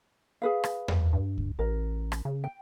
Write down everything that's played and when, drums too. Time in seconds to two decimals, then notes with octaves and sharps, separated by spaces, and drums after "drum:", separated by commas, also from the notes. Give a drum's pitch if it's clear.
0.42 G#4 B4 F5
0.64 drum: rim click
0.88 drum: tom E2
1.13 G2
1.38 drum: kick C#2
1.59 A1 A#4
2.12 drum: rim click
2.25 C#3
2.44 G5